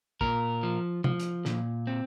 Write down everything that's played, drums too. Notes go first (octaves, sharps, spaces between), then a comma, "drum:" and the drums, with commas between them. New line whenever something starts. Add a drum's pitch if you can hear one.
A#2 A#4, drum: kick
F3
F3, drum: tom
drum: hi-hat
A#2, drum: snare
C4